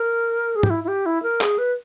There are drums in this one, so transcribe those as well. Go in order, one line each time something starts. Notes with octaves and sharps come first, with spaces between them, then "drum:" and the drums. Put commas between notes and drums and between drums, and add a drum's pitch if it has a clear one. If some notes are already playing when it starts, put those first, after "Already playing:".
Already playing: A#4
G#4
G4, drum: tom
E4
E4
G4
E4
A#4
G#4, drum: clap
B4